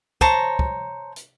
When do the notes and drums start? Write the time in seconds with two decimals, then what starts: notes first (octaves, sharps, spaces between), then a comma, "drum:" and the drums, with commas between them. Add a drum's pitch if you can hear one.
0.21 C5 C#5 A5 A#5, drum: kick
0.59 drum: kick
1.16 drum: hi-hat